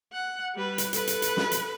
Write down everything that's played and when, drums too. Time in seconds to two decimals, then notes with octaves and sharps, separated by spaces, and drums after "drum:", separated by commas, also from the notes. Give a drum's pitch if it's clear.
0.13 F#5
0.55 G3 B4
0.78 drum: hi-hat
0.93 A4 B4, drum: hi-hat
1.07 drum: hi-hat
1.22 drum: hi-hat
1.37 drum: snare
1.52 drum: hi-hat